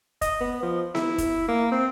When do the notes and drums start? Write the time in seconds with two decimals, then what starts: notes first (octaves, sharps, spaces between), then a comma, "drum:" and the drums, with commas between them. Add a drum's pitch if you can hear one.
0.22 D#5, drum: kick, hi-hat
0.41 B3
0.63 F3
0.95 E4, drum: snare B3
1.18 drum: kick, hi-hat
1.48 A#3
1.72 C4